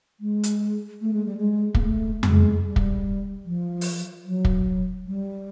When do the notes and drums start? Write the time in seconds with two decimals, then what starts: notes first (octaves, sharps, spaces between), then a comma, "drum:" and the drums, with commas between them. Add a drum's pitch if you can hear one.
0.20 G#3
0.43 drum: hi-hat
1.01 A3
1.13 G#3
1.26 G3
1.37 G#3
1.74 A#3, drum: kick
1.83 A3
2.23 G#3, drum: tom F2
2.64 G3
2.76 drum: kick
3.45 F3
3.81 drum: open hi-hat
4.26 F#3
4.45 drum: kick
5.07 G3